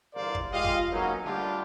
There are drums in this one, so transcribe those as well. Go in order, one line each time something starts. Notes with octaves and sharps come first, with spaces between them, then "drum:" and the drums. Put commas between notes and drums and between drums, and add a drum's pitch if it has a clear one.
G1 E2 A#4 C5 D5 F5
drum: kick
G#3 F4 G4 D#5 F5
drum: kick
F#3 A#3 B3 C#4 D#4
D3 G3 A3 D4 F4 G4